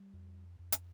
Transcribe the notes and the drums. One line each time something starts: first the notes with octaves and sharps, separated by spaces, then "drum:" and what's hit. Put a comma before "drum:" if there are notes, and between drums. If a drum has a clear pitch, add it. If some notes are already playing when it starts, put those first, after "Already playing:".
Already playing: G3
F2
F2
drum: hi-hat